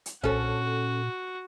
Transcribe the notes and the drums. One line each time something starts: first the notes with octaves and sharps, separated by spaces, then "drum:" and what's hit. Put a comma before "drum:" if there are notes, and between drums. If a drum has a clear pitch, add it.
drum: hi-hat
A#2 C#4 F#4 A4, drum: tom B1